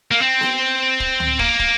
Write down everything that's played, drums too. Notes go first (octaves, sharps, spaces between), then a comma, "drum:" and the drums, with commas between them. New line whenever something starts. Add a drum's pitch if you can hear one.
A#3
C4
drum: snare B3
drum: kick
drum: tom C#2
A#3, drum: kick
drum: kick